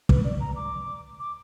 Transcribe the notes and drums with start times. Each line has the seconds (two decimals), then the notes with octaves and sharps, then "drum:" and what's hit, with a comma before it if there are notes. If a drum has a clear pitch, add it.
0.09 B4, drum: kick
0.24 D5
0.40 A#5
0.56 D6
1.20 D6